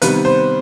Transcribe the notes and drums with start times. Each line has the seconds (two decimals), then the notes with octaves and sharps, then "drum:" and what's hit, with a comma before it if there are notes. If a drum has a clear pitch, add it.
0.02 C3 D#3 G3 B3 B4, drum: hi-hat
0.25 C5